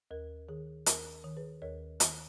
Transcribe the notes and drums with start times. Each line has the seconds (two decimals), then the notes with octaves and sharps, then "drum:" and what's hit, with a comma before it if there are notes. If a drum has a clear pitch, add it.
0.11 D#2 A#4
0.49 D#3 G#4
0.86 D#2 A#4, drum: hi-hat
1.24 D#3
1.37 G#4 B4
1.62 D#2 A#4 C#5
2.00 D#3, drum: hi-hat